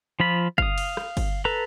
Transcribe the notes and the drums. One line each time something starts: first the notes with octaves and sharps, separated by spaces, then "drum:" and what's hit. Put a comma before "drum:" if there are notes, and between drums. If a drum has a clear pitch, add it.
F3 F4 B5
F5 D#6, drum: kick G1
drum: cymbal
drum: rim click
drum: kick G1, cymbal
A4 B4 A#5